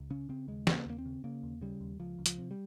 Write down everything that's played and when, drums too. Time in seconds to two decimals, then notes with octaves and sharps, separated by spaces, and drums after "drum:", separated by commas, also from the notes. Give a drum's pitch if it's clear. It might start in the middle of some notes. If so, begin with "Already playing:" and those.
Already playing: C#2
0.10 C#3 C#4
0.29 C#3 C4
0.48 D#2 G#3
0.67 C#3, drum: snare
0.73 A#3
0.86 D#2 A#3
0.98 C4
1.06 C#3
1.24 C#3 A#3
1.43 D#2
1.61 C#3 G3
1.81 D#2
2.00 C#2 F3
2.19 C#2
2.26 F3, drum: hi-hat
2.38 C3
2.51 G3